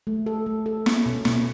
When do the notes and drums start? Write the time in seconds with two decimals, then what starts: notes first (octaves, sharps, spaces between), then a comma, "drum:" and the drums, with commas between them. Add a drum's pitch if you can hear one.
0.07 A3
0.26 A4
0.46 A3
0.66 A4
0.86 C#4, drum: snare
1.06 B2
1.25 B2, drum: snare